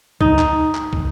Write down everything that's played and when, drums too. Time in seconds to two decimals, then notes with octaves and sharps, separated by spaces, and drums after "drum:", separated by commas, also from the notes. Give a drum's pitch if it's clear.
0.21 D#4, drum: kick
0.39 drum: clap
0.75 drum: clap
0.93 drum: kick